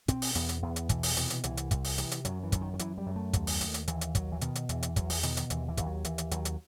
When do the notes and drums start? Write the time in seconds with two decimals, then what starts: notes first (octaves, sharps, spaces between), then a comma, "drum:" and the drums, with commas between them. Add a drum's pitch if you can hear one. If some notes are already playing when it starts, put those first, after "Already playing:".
0.08 B2 C4, drum: kick, hi-hat
0.22 drum: open hi-hat
0.35 E2 B3, drum: hi-hat
0.49 drum: hi-hat
0.63 E2 B3
0.76 drum: hi-hat
0.89 B2 E3, drum: kick, hi-hat
1.03 drum: open hi-hat
1.17 C3 E3, drum: hi-hat
1.30 drum: hi-hat
1.44 C2 E3, drum: hi-hat
1.57 drum: hi-hat
1.71 C2, drum: kick, hi-hat
1.84 drum: open hi-hat
1.98 C3 E3, drum: hi-hat
2.12 drum: hi-hat
2.25 F#2 F#3, drum: hi-hat
2.43 E3
2.52 F#2, drum: kick, hi-hat
2.61 D#3
2.73 D#3
2.79 F#2 E3, drum: hi-hat
2.98 G3
3.06 F#2
3.16 A3
3.33 D#2, drum: kick, hi-hat
3.47 drum: open hi-hat
3.61 D#2, drum: hi-hat
3.74 drum: hi-hat
3.88 D#2 E3, drum: hi-hat
4.01 drum: hi-hat
4.15 D#2 F#3, drum: kick, hi-hat
4.32 E3
4.41 B2 D#3, drum: hi-hat
4.55 drum: hi-hat
4.69 E2 E3, drum: hi-hat
4.83 drum: hi-hat
4.96 E2 F#3, drum: kick, hi-hat
5.10 E3, drum: open hi-hat
5.23 B2 D#3, drum: hi-hat
5.37 D#3, drum: hi-hat
5.50 D#2 E3, drum: hi-hat
5.68 E3
5.77 D#2, drum: kick, hi-hat
5.86 F#3
6.05 D#2 E3, drum: hi-hat
6.18 drum: hi-hat
6.31 D#2 F#3, drum: hi-hat
6.45 drum: hi-hat